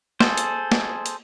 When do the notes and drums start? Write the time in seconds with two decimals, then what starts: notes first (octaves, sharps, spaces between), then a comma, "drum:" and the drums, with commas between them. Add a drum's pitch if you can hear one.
0.20 G#4 A4 C5, drum: snare
0.38 drum: hi-hat
0.72 drum: snare
1.06 drum: hi-hat